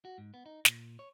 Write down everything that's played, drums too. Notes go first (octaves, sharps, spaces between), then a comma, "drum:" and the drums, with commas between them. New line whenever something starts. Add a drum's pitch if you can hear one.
F#4
G#2
B3
D#4
A#2, drum: snare
C#5